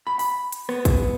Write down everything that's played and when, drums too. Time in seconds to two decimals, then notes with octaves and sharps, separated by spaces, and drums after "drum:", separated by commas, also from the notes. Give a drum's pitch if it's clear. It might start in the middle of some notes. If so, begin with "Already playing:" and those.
0.07 B5
0.19 B5, drum: open hi-hat
0.52 drum: hi-hat
0.69 B3, drum: rim click
0.85 drum: kick A#1, hi-hat